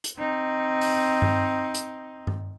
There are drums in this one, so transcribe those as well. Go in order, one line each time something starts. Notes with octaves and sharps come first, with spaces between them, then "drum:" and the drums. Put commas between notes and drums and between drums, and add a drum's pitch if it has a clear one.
drum: hi-hat
C4 D#4
drum: open hi-hat
drum: tom G2
drum: hi-hat
drum: tom G2